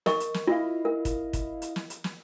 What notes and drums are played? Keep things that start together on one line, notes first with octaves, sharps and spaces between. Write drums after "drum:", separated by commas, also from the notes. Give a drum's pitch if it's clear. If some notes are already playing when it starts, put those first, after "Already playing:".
A#4 D#5 C#6, drum: snare
drum: hi-hat
drum: snare
E4 F4 D#5 F5
A#4
drum: kick, hi-hat
drum: kick, hi-hat
drum: hi-hat
drum: snare
drum: hi-hat
drum: snare